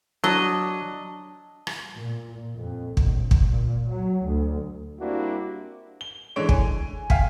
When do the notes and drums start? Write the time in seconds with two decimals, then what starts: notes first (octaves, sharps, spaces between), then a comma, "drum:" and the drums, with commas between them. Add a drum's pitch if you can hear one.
0.24 F#3 D4 D#5
1.67 drum: rim click
1.96 A#2
2.55 F2
2.97 A#1, drum: kick
3.31 A#2, drum: kick
3.91 F#3
4.26 D2
5.00 G3 A#3 C4 D4 E4 F#4
6.01 G7
6.36 D3 E3 G#3 C#5 D7
6.49 G#5, drum: kick
7.10 F5 G5 G#5 B6, drum: kick